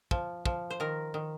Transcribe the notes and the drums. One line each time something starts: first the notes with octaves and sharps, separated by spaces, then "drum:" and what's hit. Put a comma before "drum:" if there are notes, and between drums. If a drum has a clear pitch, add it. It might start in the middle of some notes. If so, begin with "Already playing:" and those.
F3, drum: kick
F3, drum: kick
C5
D#3 A#4
D#3